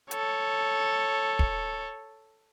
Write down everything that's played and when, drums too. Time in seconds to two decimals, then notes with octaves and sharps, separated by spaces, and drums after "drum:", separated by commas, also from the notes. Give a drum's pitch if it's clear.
0.11 A4 C#5, drum: hi-hat
1.39 drum: kick